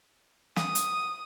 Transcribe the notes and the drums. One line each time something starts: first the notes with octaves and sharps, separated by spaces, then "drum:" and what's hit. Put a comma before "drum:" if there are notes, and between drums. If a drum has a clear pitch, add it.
D#6, drum: snare
drum: hi-hat